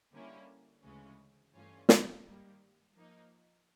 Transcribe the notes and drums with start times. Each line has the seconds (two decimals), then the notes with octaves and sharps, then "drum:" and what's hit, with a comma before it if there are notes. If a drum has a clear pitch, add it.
0.13 D3 G3 A#3 C#4 E4
0.83 D2 C#3 E3 G#3 C#4
1.53 G2 E3 A3 C#4 F4
1.89 drum: snare
2.24 G#2 D#3 G3 A#3
2.94 F3 A#3 D#4